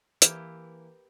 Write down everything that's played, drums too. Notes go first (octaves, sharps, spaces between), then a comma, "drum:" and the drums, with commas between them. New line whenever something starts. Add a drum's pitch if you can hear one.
E3 A#3 E4 G4, drum: hi-hat